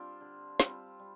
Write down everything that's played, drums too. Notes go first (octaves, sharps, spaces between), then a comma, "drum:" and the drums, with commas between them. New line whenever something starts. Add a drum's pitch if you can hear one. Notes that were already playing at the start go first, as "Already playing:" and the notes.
Already playing: G3 C4 D4 F4
D3
G3 C4 F4, drum: snare
G3